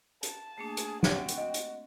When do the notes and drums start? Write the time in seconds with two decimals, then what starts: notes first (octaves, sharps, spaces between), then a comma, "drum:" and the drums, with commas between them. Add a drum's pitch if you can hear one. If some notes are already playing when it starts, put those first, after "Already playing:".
0.23 A5, drum: hi-hat
0.58 A3 A#3 D4 G#4
0.77 drum: hi-hat
1.03 C4 F#4 D5 E5 G5, drum: snare
1.28 drum: hi-hat
1.38 D#5
1.54 drum: hi-hat